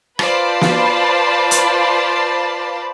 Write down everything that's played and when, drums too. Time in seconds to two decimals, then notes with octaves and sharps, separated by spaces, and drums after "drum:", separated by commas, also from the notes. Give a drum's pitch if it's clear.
0.19 F4 B4 C5 D5 A5 B5, drum: rim click
0.61 drum: snare
1.51 drum: hi-hat